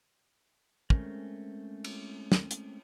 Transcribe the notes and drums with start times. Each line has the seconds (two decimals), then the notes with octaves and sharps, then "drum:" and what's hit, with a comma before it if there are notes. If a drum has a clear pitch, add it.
0.90 G#3 A3 C4 C#4 A#4, drum: kick
1.84 drum: cymbal
2.32 drum: snare
2.51 drum: hi-hat